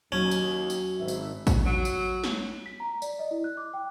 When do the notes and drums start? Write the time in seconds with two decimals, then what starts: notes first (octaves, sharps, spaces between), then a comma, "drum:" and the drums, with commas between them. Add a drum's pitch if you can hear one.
0.12 D#2 F#3 C#4
0.31 drum: tambourine
0.70 drum: tambourine
0.99 G#1 E5
1.08 drum: tambourine
1.47 drum: kick, tambourine
1.66 F#3
1.85 drum: tambourine
2.24 drum: snare
2.66 B6
2.80 A#5
3.02 D5, drum: tambourine
3.19 D#5
3.31 E4
3.44 F#6
3.57 D6
3.74 G5